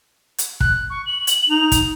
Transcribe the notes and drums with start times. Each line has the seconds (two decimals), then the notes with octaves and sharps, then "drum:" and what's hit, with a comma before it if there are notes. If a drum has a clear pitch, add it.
0.38 drum: hi-hat
0.60 F#6, drum: kick
0.90 C#6
1.06 F#7
1.27 drum: hi-hat
1.49 D#4 F7
1.72 drum: kick, hi-hat